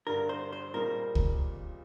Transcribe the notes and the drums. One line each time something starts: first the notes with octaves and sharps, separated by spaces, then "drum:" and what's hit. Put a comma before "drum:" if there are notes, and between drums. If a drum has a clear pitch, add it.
G2 D3 G3 D4 A#4
C5
C5
A#2 G3 C4 D#4 G#4 A#4
drum: kick C#2